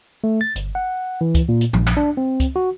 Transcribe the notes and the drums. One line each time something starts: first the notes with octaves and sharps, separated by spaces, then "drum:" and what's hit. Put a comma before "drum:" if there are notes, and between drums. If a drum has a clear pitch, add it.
A3
A6
G1, drum: hi-hat
F#5
E3
drum: kick C#2, hi-hat
A#2
drum: hi-hat
A#1, drum: tom
drum: clap
D4
C4
drum: kick C#2, hi-hat
F#4